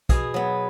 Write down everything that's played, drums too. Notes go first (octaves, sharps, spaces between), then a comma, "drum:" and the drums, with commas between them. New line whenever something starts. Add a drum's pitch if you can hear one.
B2 G#4, drum: kick, hi-hat
F#3 B3